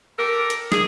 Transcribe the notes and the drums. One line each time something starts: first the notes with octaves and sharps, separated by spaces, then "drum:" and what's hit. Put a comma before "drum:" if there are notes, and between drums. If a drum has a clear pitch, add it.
G4 A4 A#4
drum: hi-hat
G#4, drum: snare